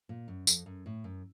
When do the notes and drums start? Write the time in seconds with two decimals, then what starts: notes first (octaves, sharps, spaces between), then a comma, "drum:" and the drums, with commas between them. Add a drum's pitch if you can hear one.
0.09 A#2
0.28 F#2
0.47 F2, drum: tambourine
0.66 F#2
0.86 A2
1.04 F#2